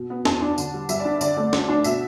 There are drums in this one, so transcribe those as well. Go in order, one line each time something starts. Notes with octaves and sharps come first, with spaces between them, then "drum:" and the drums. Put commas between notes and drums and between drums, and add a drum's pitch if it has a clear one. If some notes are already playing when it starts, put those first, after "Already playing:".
Already playing: B2
B3
E2 A5, drum: snare
D4
D3, drum: tambourine
G3
G2 E5, drum: tambourine
D5
D4
D3 D5, drum: tambourine
A3 D5
D2, drum: snare
D4
B2 E5, drum: tambourine